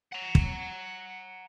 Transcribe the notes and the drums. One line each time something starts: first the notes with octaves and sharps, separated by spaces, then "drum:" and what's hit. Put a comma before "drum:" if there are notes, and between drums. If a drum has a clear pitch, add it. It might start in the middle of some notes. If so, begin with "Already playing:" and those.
F#5 A#5
drum: kick